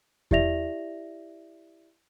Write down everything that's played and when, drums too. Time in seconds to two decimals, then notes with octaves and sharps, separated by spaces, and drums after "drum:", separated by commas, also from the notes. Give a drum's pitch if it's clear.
0.31 E4 G4 D5 E5 A#6 F7, drum: kick E2